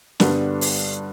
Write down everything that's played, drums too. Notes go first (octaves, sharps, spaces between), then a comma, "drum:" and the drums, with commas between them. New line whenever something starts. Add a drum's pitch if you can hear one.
G2 D3 G3 B3 D4, drum: snare
drum: open hi-hat